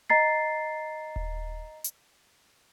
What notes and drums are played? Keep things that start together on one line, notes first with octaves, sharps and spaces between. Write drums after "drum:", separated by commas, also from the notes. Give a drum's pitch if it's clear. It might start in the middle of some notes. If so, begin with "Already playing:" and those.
D#5 A#5 A6 C7
drum: kick D#1
drum: hi-hat